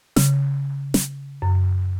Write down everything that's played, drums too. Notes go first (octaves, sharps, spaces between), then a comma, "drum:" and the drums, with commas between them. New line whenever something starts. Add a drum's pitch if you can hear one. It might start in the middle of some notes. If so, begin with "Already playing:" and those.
C#3, drum: snare
drum: snare
F#2